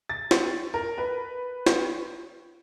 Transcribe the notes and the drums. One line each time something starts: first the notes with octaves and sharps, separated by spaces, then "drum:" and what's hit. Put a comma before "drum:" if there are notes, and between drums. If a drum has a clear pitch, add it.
A6
drum: snare F4
A#4
B4
drum: snare F4